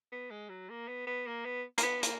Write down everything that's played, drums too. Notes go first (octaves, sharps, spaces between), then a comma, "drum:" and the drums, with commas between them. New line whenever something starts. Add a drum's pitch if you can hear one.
B3
G#3
F#3
A#3
B3
B3
A#3
B3
A#3, drum: hi-hat
B3
A#3, drum: hi-hat